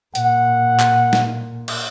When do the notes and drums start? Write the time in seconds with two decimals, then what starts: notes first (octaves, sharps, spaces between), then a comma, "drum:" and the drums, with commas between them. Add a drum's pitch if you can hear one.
0.15 A#2 F#5, drum: hi-hat
0.79 drum: clap
1.13 drum: snare
1.68 drum: cymbal